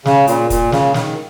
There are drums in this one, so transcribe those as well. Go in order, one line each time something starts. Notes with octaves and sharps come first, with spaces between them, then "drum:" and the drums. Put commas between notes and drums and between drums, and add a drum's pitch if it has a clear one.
C#3, drum: snare
A#2, drum: hi-hat
A#2, drum: kick, hi-hat
C#3, drum: snare
D#3, drum: snare